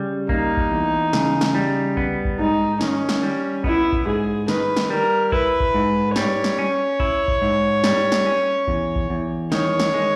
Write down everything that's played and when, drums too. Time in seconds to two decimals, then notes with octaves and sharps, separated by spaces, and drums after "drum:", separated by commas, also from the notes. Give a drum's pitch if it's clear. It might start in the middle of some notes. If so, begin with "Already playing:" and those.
Already playing: C#3 G3
0.29 A#3 D#4, drum: kick A#1
0.57 drum: kick A#1
0.71 E2
1.13 C#3, drum: snare
1.41 drum: snare
1.55 G3
1.97 B3, drum: kick A#1
2.25 drum: kick A#1
2.39 G#2 D#4
2.81 D#3 C#4, drum: snare
3.09 drum: snare
3.23 G3
3.64 B3 E4, drum: kick A#1
3.93 drum: kick A#1
4.06 G#2 G#4
4.48 D#3 B4, drum: snare
4.76 drum: snare
4.90 G3 A#4
5.32 E4 B4, drum: kick A#1
5.60 drum: kick A#1
5.75 G#2
6.16 G3 C#5, drum: snare
6.44 drum: snare
6.59 C#4
7.00 E4, drum: kick A#1
7.28 drum: kick A#1
7.42 G#2
7.84 G3, drum: snare
8.12 drum: snare
8.26 C#4
8.68 E2, drum: kick A#1
8.96 drum: kick A#1
9.10 E2
9.52 D#3 C#5, drum: snare
9.80 drum: snare
9.94 G#3